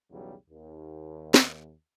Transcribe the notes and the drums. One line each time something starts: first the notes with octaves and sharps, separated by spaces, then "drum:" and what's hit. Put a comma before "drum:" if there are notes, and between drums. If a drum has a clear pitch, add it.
B1 E2 C#3 F#3 G3
D#2
drum: snare